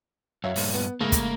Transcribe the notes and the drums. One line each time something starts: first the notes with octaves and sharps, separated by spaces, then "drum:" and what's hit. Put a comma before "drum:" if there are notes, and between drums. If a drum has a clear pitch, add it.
F#2 C#5 E5 F5
G2 A#2, drum: open hi-hat
B3
G#2 C#3 A3 A#3
drum: kick, hi-hat